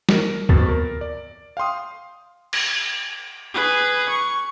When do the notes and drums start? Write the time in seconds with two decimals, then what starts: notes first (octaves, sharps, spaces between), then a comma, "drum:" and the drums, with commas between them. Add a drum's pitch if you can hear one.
0.09 A#4, drum: snare
0.49 F2 B3 F#4 A6, drum: kick C#2
0.68 A#4
1.01 D5
1.57 F5 G5 C6 D#6
2.53 drum: cymbal
3.54 G#4 B4
4.09 C#6